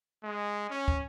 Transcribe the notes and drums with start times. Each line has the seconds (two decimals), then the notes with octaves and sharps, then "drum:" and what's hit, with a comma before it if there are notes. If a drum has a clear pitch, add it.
0.24 G#3
0.70 C#4
0.88 drum: kick